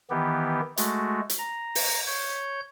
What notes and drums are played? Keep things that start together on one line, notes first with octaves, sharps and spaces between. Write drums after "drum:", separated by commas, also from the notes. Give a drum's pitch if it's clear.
D#3 E3 B3 G4
G#3 A3 F#4, drum: hi-hat
drum: hi-hat
A#5
drum: open hi-hat
C#5 G6